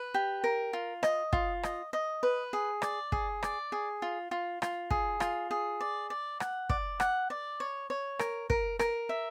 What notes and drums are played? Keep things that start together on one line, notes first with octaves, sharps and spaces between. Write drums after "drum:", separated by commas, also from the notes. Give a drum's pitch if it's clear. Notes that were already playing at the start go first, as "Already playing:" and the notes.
Already playing: B4
G4
A#4
F4
D#5, drum: rim click
F4, drum: kick
D#5, drum: rim click
D#5
B4
G#4
D5, drum: rim click
G#4, drum: kick
D5, drum: rim click
G#4
F4
F4
F4, drum: rim click
G#4, drum: kick
F4, drum: rim click
G#4
D5
D5
F#5, drum: rim click
D5, drum: kick
F#5, drum: rim click
D5
C#5
C#5
A#4, drum: rim click
A#4, drum: kick
A#4, drum: rim click
E5